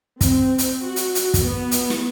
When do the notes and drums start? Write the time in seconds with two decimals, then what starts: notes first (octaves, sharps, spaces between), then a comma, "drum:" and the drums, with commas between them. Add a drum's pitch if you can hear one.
0.21 C4, drum: kick, hi-hat
0.58 drum: hi-hat
0.84 F#4
0.96 drum: hi-hat
1.15 drum: hi-hat
1.34 drum: kick, hi-hat
1.43 B3
1.71 drum: hi-hat
1.90 drum: snare